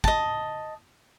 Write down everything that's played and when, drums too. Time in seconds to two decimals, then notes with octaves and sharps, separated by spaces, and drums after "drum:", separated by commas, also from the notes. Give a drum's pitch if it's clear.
0.04 D#5 A5, drum: kick